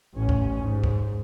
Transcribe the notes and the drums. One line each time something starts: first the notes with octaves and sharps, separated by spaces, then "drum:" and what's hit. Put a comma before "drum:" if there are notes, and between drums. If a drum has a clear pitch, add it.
A1 C#4
drum: kick
G#2
drum: kick